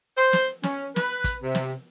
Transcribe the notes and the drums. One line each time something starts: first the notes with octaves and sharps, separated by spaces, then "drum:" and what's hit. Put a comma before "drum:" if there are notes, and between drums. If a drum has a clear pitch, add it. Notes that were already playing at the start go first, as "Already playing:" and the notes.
C5
drum: snare
C#4, drum: snare
B4, drum: snare
drum: kick, hi-hat
C3
drum: snare